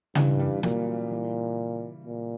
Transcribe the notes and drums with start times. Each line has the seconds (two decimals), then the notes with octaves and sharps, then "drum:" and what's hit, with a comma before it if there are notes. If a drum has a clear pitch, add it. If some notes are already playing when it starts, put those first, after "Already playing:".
0.15 G2 C#3 E3, drum: tom C#3
0.39 E3 G3
0.63 A#2 F#3 A#3, drum: snare
1.11 E3 G3
2.06 A#2